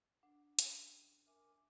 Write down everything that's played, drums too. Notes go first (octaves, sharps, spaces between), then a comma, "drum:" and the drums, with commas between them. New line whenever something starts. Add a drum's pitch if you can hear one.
D4 F#5
C#4 G#4 G5, drum: hi-hat
A#4 E5 G#5 D6